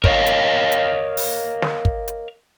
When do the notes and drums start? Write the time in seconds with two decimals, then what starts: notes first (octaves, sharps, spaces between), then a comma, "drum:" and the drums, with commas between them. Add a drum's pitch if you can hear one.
0.04 A#4 C#5 D#5 F5, drum: kick
0.26 drum: hi-hat
0.72 drum: hi-hat
1.17 drum: open hi-hat
1.62 drum: snare
1.85 drum: kick
2.08 drum: hi-hat